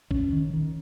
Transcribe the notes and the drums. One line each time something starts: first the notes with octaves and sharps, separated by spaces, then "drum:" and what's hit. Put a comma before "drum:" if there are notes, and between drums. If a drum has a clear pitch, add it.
C#4, drum: kick
D#3
D#3